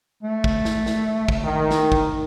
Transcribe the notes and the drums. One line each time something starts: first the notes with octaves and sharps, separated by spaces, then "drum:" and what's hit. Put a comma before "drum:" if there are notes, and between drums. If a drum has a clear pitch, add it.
A3
drum: kick
drum: snare
drum: snare
drum: kick
D#3
drum: snare
drum: kick